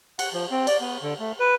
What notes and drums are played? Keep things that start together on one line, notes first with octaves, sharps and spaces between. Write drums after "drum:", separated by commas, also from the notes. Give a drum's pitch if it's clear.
F#5, drum: cymbal
F3
C4
D5, drum: cymbal
B3
D3
A3
B4